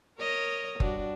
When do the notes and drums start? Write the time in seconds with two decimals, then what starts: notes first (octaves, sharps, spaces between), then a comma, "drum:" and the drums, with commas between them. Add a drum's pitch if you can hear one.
0.19 A#4 C#5 D#5
0.80 G2 D4 F#4, drum: kick F#1